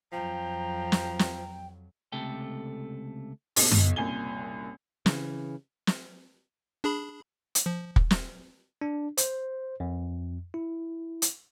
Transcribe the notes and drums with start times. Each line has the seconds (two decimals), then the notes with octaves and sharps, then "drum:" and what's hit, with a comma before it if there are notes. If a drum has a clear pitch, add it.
0.12 F2 F3 F#3 G5 A#5
0.92 drum: snare
1.19 drum: snare
2.12 C#2 C3 A3 A4 G5
3.56 B1 B2, drum: open hi-hat
3.71 drum: tom F#2
3.96 F#1 C2 A#2 G#5 G7
5.06 C#3 E3, drum: snare
5.87 drum: snare
6.84 D4 G#4 B5
7.55 drum: hi-hat
7.66 F3
7.96 drum: kick
8.11 drum: snare
8.81 D4
9.17 C5, drum: hi-hat
9.80 F2
10.54 E4
11.22 drum: hi-hat